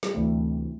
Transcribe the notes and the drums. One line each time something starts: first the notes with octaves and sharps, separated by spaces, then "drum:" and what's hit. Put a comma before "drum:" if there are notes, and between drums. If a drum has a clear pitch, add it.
G3, drum: snare
D2 C3 E3 A3